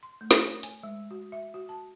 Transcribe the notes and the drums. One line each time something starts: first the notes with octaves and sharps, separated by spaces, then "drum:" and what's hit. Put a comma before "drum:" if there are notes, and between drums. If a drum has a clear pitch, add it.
C6
A3
drum: snare
C#5
G#5, drum: hi-hat
G#3
F#4
E5
F#4
A5